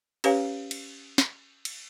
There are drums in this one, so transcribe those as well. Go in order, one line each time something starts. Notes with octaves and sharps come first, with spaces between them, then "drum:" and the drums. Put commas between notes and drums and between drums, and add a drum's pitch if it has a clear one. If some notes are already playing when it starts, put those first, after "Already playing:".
C#4 G4 B4 C#5 F5 G#5, drum: cymbal
drum: cymbal
drum: snare
drum: cymbal